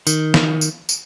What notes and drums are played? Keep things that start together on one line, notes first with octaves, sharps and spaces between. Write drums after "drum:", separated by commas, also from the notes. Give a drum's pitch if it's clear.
D#3, drum: tambourine
drum: snare
drum: tambourine
drum: tambourine